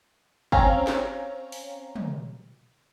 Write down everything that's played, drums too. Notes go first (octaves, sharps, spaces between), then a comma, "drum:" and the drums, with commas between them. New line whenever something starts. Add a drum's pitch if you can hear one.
C4 C#4 C#5 F5 A#5, drum: kick
drum: snare
drum: open hi-hat
drum: tom